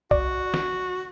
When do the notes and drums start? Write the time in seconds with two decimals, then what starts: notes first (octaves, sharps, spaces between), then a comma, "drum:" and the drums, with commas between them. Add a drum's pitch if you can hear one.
0.11 F#4 D5, drum: kick B1
0.54 drum: snare